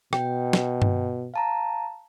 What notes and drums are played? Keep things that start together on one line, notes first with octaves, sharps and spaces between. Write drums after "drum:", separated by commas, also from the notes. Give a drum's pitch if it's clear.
B2 G5, drum: rim click
drum: snare
drum: tom G2
F5 A5 A#5